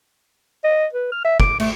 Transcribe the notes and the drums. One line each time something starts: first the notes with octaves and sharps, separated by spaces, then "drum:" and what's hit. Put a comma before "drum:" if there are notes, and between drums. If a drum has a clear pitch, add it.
D#5
B4
F6
E5
D6, drum: kick
A3, drum: cymbal